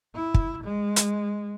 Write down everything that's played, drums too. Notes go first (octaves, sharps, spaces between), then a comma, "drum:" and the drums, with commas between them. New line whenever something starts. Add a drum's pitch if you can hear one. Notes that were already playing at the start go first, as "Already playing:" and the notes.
E4
drum: kick
G#3
drum: hi-hat